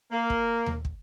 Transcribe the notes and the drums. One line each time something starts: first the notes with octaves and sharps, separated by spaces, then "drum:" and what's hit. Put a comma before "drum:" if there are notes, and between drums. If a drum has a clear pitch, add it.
A#3
drum: kick
drum: tom D#2
drum: kick